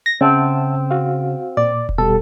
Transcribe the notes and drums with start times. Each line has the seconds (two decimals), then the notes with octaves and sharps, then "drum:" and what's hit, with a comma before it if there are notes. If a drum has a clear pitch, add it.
0.06 A#6
0.21 C#3 C4 E5 F#5 A5
0.91 F#4 F5
1.57 A#2 D5
1.89 drum: kick E1
1.98 B2 G3 G4 A4